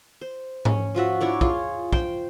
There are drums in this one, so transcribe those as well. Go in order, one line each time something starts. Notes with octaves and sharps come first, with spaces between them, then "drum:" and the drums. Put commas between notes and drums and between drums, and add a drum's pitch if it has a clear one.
C5
C#4, drum: tom G#2
F3 F4 F#4 E5
D4 E4 C#5 D5
F4 G#4 C#5, drum: kick
C5 G5, drum: kick